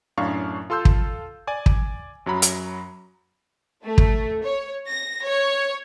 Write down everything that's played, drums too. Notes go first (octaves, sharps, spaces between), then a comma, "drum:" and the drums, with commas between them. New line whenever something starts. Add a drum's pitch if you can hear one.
F#2 A2 D4 F5 C#6
F4 A4 C6 E6 G6
drum: kick
D5 G#5 D6
drum: kick
F#2 F#3 A#5 B5
drum: hi-hat
A3
drum: kick
C#5
A#6
C#5